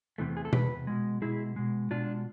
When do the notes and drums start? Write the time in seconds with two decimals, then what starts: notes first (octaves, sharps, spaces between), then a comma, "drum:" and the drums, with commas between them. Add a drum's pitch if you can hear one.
0.18 E2 C3 E3 A3
0.37 G#4
0.45 A4
0.53 E2 C3 B4, drum: tom B2
0.87 B2 G#3
1.22 B2 G#3 E4 G#4
1.56 B2 G#3
1.91 B2 G#3 D4 F4